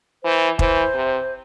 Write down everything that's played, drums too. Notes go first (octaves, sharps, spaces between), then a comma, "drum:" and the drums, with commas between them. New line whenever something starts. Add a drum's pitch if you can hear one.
E3 C5
E3 C5, drum: kick
C3